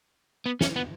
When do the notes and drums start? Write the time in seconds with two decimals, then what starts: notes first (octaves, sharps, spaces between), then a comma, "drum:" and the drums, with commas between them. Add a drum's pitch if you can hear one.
0.46 B3
0.61 C#4, drum: snare
0.76 B3